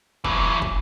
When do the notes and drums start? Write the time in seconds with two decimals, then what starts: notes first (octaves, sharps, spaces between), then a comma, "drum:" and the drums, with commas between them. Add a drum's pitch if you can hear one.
0.24 E3 F#3, drum: kick
0.62 drum: kick